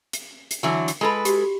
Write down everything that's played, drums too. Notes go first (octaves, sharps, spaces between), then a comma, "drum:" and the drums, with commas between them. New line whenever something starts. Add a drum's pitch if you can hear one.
drum: hi-hat
drum: hi-hat
D3 E3 F#3
drum: hi-hat
G#3 F4 A4 B4 B5
F#4 G4, drum: hi-hat